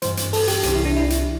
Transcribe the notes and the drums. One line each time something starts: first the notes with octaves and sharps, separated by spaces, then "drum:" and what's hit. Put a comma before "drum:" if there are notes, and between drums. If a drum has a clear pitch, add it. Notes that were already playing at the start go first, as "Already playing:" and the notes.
G2 E3 C5, drum: hi-hat
drum: hi-hat
A4, drum: open hi-hat
G4, drum: hi-hat
C2 C3 E3 G4, drum: hi-hat
E4
D4
E4
drum: hi-hat